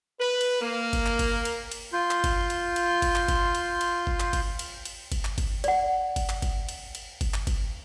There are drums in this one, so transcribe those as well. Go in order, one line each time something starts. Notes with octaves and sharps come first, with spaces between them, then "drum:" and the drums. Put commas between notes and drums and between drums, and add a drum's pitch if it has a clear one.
B4
drum: cymbal
A#3
drum: kick G1, cymbal
drum: clap
drum: kick G1, cymbal
drum: cymbal
drum: cymbal
F4 C6 G6
drum: clap
drum: kick G1, cymbal
drum: cymbal
drum: cymbal
drum: kick G1, cymbal
drum: clap
drum: kick G1, cymbal
drum: cymbal
drum: cymbal
drum: kick G1
drum: clap
drum: kick G1, cymbal
drum: cymbal
drum: cymbal
drum: kick G1, cymbal
drum: clap
drum: kick G1, cymbal
D5 F#5, drum: cymbal
drum: kick G1, cymbal
drum: clap
drum: kick G1, cymbal
drum: cymbal
drum: cymbal
drum: kick G1, cymbal
drum: clap
drum: kick G1, cymbal